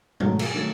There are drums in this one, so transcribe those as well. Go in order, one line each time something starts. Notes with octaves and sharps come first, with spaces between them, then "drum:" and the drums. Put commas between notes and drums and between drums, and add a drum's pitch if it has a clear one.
G#2 D#3 F#3 A3, drum: tom B2
drum: cymbal
D#3 F#3 A3